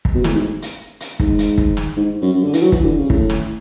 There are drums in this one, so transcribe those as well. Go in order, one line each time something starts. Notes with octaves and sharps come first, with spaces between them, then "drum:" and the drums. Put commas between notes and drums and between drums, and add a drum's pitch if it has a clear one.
drum: kick
B2
A2, drum: snare
G#2
drum: hi-hat
drum: hi-hat
G#2, drum: kick
drum: hi-hat
drum: kick
drum: snare
G#2
F#2
F#2
D3
E3, drum: hi-hat
F#3
E3, drum: kick
D3
C#3
A2, drum: kick
drum: snare